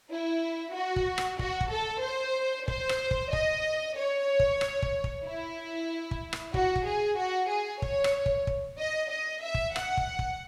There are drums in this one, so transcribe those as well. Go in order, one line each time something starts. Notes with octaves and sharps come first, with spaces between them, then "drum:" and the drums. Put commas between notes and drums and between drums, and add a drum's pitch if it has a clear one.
E4
F#4
drum: kick
drum: rim click
F#4, drum: kick
drum: kick
A4
C5
C5, drum: kick
drum: rim click
drum: kick
D#5, drum: kick
C#5
drum: kick
drum: rim click
drum: kick
drum: kick
E4
drum: kick
drum: rim click
F#4, drum: kick
drum: kick
G#4
F#4
G#4
C#5, drum: kick
drum: rim click
drum: kick
drum: kick
D#5
D#5
E5
drum: kick
F#5, drum: rim click
drum: kick
drum: kick